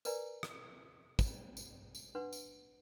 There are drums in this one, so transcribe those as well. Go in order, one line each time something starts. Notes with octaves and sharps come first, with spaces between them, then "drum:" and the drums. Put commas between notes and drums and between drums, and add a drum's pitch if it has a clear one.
A#4 B4 D5 G#5 A#5, drum: tambourine
drum: rim click
drum: kick, tambourine
drum: tambourine
drum: tambourine
D4 B4 F#5 C6
drum: tambourine